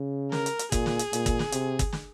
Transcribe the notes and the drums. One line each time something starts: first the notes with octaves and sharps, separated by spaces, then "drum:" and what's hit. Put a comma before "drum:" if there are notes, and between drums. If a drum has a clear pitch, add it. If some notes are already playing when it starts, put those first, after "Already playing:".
Already playing: C#3
A#4, drum: snare
drum: hi-hat
drum: hi-hat
A#2 G#4, drum: kick, hi-hat
drum: snare
drum: hi-hat
A#2, drum: hi-hat
drum: kick, hi-hat
drum: snare
C3, drum: hi-hat
drum: kick, hi-hat
drum: snare